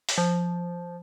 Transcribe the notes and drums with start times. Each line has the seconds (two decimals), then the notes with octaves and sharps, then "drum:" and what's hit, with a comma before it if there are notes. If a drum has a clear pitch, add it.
0.09 drum: open hi-hat
0.18 F3